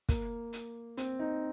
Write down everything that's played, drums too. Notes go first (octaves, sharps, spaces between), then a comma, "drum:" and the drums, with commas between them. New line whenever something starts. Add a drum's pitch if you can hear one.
A#3, drum: kick, hi-hat
drum: hi-hat
C4, drum: hi-hat
D#4